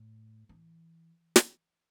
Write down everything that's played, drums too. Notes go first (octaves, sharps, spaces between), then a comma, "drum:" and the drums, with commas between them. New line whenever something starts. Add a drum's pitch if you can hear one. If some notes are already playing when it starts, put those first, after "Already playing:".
Already playing: A2
E3
drum: snare